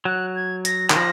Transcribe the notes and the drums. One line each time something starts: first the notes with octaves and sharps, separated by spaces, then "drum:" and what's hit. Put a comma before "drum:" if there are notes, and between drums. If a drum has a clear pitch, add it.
F#3 F#6
G#6
A#6, drum: hi-hat
D#3, drum: clap
F3 A#6